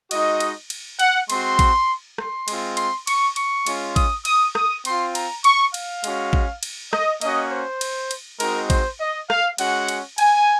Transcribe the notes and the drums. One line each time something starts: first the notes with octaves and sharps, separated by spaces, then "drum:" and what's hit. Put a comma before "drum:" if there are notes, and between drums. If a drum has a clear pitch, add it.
G#3 D#4 F#4 D#5, drum: cymbal
drum: cymbal
drum: cymbal
F#5, drum: cymbal
G#3 C4 F#4 C6, drum: cymbal
drum: kick A1, cymbal
C6, drum: rim click
G#3 C4 F4, drum: cymbal
C6, drum: cymbal
C#6, drum: cymbal
C#6, drum: cymbal
G#3 C#4 F4, drum: cymbal
D#6, drum: kick A1, cymbal
D#6, drum: cymbal
D#6, drum: rim click
C4 F4 C6, drum: cymbal
A#5, drum: cymbal
C#6, drum: cymbal
F5, drum: cymbal
G#3 C#4 F#4, drum: cymbal
drum: kick A1
drum: cymbal
D#5, drum: rim click
A#3 C#4 F#4 D#5, drum: cymbal
C5
drum: cymbal
drum: cymbal
G#3 C4 D#4 F#4 A#4, drum: cymbal
C5, drum: kick A1, cymbal
D#5
F5, drum: rim click
G#3 C#4 F#4 F#5, drum: cymbal
drum: cymbal
G#5, drum: cymbal